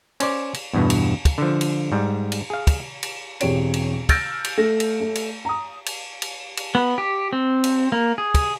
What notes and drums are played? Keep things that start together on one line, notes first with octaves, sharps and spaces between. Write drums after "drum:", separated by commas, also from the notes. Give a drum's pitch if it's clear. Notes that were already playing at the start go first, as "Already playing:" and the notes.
C#4 C5 D5, drum: cymbal
drum: cymbal
E2 G2 B2
drum: cymbal
drum: kick, cymbal
D3 F3
drum: cymbal
G#2 G3
drum: cymbal
G#4 F5
drum: kick, cymbal
drum: cymbal
E1 C4 G4 C#5 D7, drum: cymbal
drum: cymbal
E6 F6 G6 A6 A#6 D7, drum: kick, cymbal
drum: cymbal
A3 A#6
drum: cymbal
A3
drum: cymbal
A#5 D#6
drum: cymbal
drum: cymbal
drum: cymbal
B3
G4
C4
drum: cymbal
A#3
G#4
drum: kick, cymbal